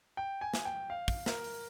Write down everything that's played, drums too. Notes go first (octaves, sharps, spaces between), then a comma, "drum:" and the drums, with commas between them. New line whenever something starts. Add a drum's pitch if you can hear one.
G5
G#5
drum: snare
G5
F5
drum: kick, open hi-hat
A#4, drum: snare
drum: open hi-hat